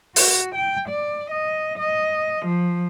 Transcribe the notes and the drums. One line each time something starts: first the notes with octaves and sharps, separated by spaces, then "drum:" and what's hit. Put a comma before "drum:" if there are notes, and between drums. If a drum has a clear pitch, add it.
F#4, drum: open hi-hat
G5
D5
D#5
D#5
F3